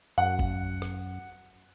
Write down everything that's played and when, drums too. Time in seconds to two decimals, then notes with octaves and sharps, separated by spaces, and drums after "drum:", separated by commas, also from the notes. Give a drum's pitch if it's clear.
0.18 F#2 F#5
0.39 drum: kick
0.82 drum: rim click